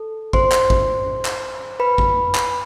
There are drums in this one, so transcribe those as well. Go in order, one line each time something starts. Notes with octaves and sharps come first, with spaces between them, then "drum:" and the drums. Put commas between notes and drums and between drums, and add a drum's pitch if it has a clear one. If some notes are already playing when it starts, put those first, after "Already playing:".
Already playing: A4
C5 C6, drum: kick A1
drum: clap
drum: kick A1
drum: clap
B4 B5
drum: kick A1
drum: clap